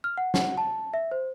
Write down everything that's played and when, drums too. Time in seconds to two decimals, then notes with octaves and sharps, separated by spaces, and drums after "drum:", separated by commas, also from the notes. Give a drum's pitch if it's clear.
0.04 F6
0.18 F#5
0.34 F#5, drum: snare
0.58 A5
0.94 E5
1.11 C5